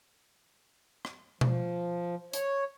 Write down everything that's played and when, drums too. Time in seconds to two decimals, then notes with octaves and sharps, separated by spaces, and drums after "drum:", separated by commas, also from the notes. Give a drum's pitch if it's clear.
1.05 drum: rim click
1.41 F3, drum: tom B2
2.33 C#5, drum: hi-hat